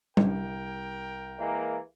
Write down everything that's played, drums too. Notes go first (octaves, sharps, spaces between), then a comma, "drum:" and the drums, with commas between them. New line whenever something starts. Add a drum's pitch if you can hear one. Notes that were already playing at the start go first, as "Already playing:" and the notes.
C2 A#4 G5, drum: tom G3
E3 G#3 A#3